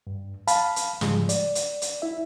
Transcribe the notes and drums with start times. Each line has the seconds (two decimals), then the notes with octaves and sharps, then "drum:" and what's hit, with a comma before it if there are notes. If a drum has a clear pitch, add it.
0.07 G2
0.47 F5 A5 B5, drum: hi-hat
0.76 drum: hi-hat
1.01 G#2 C#3 F3 G3 G#3, drum: snare
1.29 D5, drum: hi-hat
1.55 drum: hi-hat
1.82 drum: hi-hat
2.02 E4 E5